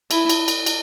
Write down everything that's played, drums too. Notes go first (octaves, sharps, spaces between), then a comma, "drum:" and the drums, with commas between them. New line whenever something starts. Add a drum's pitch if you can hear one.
E4, drum: cymbal
drum: cymbal
drum: cymbal
drum: cymbal